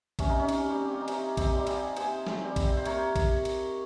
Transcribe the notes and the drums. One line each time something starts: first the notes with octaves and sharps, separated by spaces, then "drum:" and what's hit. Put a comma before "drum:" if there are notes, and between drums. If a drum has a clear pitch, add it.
C3 C#4, drum: kick A#1, cymbal
D#4
C#4
drum: cymbal
G3 C4
G4
F4
D#4
C3 C#4, drum: cymbal
C4 D#4, drum: kick A#1, cymbal
G3 C4
F4 G#4, drum: cymbal
C3 G#4 C5, drum: cymbal
drum: snare
G3 C4
drum: kick A#1, cymbal
C5
C3 A#4 C#5, drum: cymbal
drum: kick A#1, cymbal
drum: cymbal